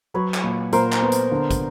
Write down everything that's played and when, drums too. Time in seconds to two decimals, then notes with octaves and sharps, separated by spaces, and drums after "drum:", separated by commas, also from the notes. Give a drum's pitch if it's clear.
0.14 F#3 B4 C#5
0.34 drum: clap
0.44 A#2
0.72 A#2 A#4 C5, drum: hi-hat
0.92 drum: clap
1.02 B3
1.12 drum: hi-hat
1.32 D3
1.51 drum: kick, hi-hat